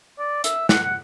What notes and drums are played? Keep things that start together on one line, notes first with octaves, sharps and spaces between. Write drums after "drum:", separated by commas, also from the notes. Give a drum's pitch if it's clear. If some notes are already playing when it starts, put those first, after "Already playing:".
D5
E5, drum: hi-hat
F#5, drum: snare
F#5